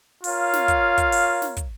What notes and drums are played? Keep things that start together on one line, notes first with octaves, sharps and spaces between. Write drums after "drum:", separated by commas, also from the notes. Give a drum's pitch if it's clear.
F4 A#4 C#5 F5, drum: open hi-hat
drum: snare
drum: kick, hi-hat
drum: kick, hi-hat
drum: open hi-hat
drum: snare
drum: kick, hi-hat